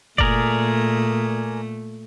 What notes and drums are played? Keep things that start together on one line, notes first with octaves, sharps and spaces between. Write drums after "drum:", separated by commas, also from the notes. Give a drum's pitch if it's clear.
A#2 A3 G#4 A#4 D5, drum: kick F#1